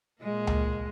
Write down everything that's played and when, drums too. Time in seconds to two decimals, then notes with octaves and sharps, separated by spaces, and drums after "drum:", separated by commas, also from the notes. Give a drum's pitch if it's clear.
0.21 A#2 G#3 A#3
0.47 drum: tom C#2